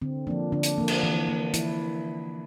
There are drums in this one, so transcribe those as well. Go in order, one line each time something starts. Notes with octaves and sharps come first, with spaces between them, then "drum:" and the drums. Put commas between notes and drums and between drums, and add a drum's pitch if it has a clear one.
D3 C4
F3 A#3 D4
D3 D4
drum: hi-hat
F3 A#3
drum: cymbal
E3
A#3
E3 E4, drum: hi-hat